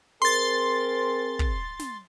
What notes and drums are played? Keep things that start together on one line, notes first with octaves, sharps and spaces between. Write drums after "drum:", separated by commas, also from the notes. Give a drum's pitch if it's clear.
C4 G#4 A#4 C6 A6
drum: kick
drum: snare